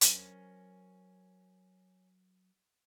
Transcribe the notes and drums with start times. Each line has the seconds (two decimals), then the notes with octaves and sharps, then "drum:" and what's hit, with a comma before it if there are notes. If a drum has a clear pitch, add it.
0.01 F#3 C#4 A#4 C5, drum: hi-hat